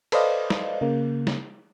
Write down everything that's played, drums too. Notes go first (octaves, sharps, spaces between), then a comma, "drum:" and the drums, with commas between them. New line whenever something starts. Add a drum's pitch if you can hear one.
A4 B4 C5 D5 D#5 F5, drum: cymbal
drum: snare
C#3 A#3
drum: snare